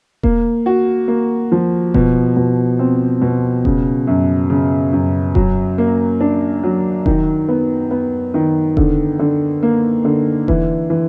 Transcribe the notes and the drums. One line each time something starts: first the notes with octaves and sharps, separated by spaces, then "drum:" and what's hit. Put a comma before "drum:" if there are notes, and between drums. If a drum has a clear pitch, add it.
A#3, drum: kick E1
F#4
A#3
F3
B2, drum: kick E1
B2
C4
B2
C#3, drum: kick E1
F#2
C#3
F#2
F#3, drum: kick E1
A#3
D4
F#3
D#3, drum: kick E1
B3
B3
D#3
D3, drum: kick E1
D3
A#3
D3
E3, drum: kick E1
E3